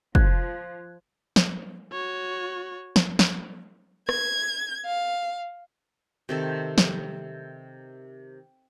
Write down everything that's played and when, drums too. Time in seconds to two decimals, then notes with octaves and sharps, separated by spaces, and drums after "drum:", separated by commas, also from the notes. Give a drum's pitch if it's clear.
0.15 F3 F#6 G#6, drum: kick
1.36 drum: snare
1.92 F#4 C#5
2.96 drum: snare
3.19 drum: snare
4.09 G#6, drum: rim click
4.86 F5
6.29 C3 D#3 A4
6.78 drum: snare